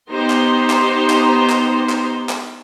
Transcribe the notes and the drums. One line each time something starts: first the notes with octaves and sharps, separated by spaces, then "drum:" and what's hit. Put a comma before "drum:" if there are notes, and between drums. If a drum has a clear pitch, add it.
B3 D#4 G4 C5 A#5 C6
drum: clap
drum: clap
drum: clap
drum: clap
drum: clap
drum: clap